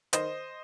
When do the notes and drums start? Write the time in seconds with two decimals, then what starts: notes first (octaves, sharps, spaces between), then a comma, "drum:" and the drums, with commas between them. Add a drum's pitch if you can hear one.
0.13 D#3 C5 D#5, drum: hi-hat